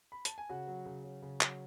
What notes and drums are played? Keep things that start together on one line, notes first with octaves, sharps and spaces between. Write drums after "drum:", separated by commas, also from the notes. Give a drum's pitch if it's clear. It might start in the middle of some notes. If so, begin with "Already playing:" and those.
B5
A5, drum: hi-hat
G#5
C#3 F#4 F#5
F#3
C#3
F#3
C#3
F#3, drum: clap